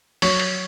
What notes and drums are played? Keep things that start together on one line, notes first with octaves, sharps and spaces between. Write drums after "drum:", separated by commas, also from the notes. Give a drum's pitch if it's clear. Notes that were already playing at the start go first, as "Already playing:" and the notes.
F#3 C#5 C#6, drum: open hi-hat
drum: open hi-hat